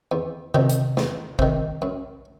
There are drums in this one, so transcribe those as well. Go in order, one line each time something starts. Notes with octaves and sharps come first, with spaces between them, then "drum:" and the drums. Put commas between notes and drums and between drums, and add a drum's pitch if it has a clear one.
E2
C3 D#3, drum: tom C3
drum: hi-hat
E2, drum: snare
C3 D#3, drum: kick
F#2